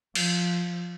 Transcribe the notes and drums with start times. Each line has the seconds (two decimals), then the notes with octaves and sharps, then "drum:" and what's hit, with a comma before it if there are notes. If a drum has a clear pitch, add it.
0.15 F3, drum: cymbal